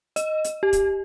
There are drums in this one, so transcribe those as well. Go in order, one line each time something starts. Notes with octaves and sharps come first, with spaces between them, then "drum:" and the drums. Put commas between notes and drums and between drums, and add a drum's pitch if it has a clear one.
D#5, drum: hi-hat
drum: hi-hat
G4
drum: kick, hi-hat